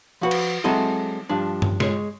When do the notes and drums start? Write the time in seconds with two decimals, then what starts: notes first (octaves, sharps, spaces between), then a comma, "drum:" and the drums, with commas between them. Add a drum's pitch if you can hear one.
0.21 F3 F#4 B4
0.31 drum: cymbal
0.64 F#3 G#3 C4 E4 A4 D#5
1.30 G2 F3 D4
1.62 drum: tom G2
1.80 G#3 C#5, drum: snare